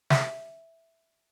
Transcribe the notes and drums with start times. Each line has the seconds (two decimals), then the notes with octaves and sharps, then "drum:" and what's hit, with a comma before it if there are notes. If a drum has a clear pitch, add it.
0.10 E5, drum: snare